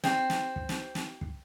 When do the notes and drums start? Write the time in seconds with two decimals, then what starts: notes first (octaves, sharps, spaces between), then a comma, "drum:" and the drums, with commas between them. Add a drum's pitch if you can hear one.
0.04 C4, drum: snare
0.30 drum: snare
0.56 drum: kick
0.69 drum: snare
0.95 drum: snare
1.21 drum: kick